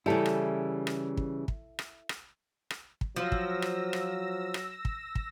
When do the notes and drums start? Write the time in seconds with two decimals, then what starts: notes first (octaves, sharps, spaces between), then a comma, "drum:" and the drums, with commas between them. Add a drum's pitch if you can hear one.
0.06 C#3 E3 G3 E4 A4
0.26 drum: rim click
0.87 drum: rim click
1.17 drum: kick
1.48 drum: kick
1.79 drum: rim click
2.09 drum: rim click
2.70 drum: rim click
3.01 drum: kick
3.16 F3 F#3 E6 A#6
3.32 drum: kick
3.62 drum: rim click
3.93 drum: rim click
4.54 drum: rim click
4.85 drum: kick
5.15 drum: kick